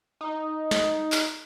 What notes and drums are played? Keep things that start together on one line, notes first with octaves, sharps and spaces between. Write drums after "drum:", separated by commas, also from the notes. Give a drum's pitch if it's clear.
D#4
drum: snare
drum: clap